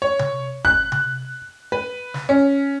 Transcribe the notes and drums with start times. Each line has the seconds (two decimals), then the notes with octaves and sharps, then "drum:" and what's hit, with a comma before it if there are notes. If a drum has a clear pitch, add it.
0.02 C#5
0.19 drum: tom C3
0.65 F#6, drum: kick G1
0.92 drum: tom C3
1.72 B4
2.14 drum: snare
2.29 C#4